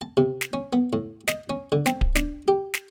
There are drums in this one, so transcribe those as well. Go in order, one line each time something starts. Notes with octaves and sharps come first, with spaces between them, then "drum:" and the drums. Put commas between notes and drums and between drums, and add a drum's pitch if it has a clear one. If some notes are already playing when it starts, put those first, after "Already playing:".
A5
C3
drum: snare
C#4
B3
A2
D#5, drum: snare
C#4
D3
C4, drum: snare
drum: kick D1
D4, drum: snare
G4
drum: snare